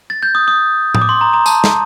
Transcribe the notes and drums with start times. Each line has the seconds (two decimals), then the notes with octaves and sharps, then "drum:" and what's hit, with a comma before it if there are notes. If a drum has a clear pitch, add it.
0.10 A6
0.23 G6
0.35 D#6
0.48 D#6
0.95 D#6, drum: tom A2
1.02 D6
1.09 C6
1.21 A#5
1.33 A#5
1.46 A5, drum: tambourine
1.64 drum: snare